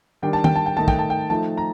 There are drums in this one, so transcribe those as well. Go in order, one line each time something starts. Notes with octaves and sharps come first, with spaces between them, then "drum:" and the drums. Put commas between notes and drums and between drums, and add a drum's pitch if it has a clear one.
D#3 G3 D4 G5
A5
G5, drum: tom D#3
A5
G5
D#3 A3 D#4 A5
G5, drum: kick
A5
G5
F3 A3 D#4 A5
A#5